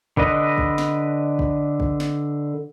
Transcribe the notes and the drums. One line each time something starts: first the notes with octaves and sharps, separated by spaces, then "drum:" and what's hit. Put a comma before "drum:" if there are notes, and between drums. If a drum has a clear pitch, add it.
D3 B4 D#5, drum: kick
drum: kick
drum: snare
drum: kick
drum: kick
drum: snare